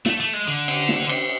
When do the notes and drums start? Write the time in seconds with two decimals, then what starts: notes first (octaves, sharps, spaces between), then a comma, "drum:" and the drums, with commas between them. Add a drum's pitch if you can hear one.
0.06 A3, drum: snare
0.20 A3
0.33 G#3
0.48 D3
0.68 drum: cymbal
0.89 drum: snare
1.09 drum: cymbal